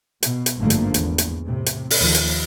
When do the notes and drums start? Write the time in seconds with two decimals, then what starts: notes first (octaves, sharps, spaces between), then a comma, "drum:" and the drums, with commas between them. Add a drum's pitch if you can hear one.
0.23 B2, drum: hi-hat
0.46 drum: hi-hat
0.59 G#1 G2 D3 F3 A3 A#3
0.70 drum: hi-hat
0.94 E2, drum: hi-hat
1.18 drum: hi-hat
1.46 A2 C3
1.66 drum: hi-hat
1.90 drum: open hi-hat
2.00 D#2 F3
2.15 drum: hi-hat